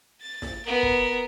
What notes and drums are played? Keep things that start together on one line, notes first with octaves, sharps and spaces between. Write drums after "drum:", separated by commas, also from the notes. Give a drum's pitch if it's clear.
A6
drum: snare
B3 A#4
drum: kick